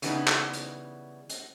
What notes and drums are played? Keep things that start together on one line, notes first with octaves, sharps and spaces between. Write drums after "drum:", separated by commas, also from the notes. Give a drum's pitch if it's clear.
C#3 E3 G3 B3 D#4, drum: hi-hat
drum: clap
drum: hi-hat
drum: hi-hat